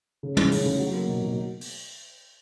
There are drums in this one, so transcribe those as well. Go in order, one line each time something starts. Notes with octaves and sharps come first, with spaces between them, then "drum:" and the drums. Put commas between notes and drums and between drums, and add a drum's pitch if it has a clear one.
C#3
E3, drum: tom
C#3, drum: open hi-hat
C#3
F#3
A#3
B2
B2
drum: open hi-hat